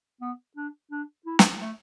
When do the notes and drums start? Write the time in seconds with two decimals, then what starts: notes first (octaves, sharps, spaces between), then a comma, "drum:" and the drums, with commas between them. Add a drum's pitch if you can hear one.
0.21 B3
0.56 D4
0.91 D4
1.26 E4
1.39 drum: snare
1.61 A3